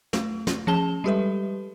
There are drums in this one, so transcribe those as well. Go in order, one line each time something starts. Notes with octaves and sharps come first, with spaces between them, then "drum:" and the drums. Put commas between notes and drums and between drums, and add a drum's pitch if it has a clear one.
A3, drum: snare
drum: snare
F3 C#4 G#4 A5 E7 G7
G3 G#3 G4 A4 B4 E5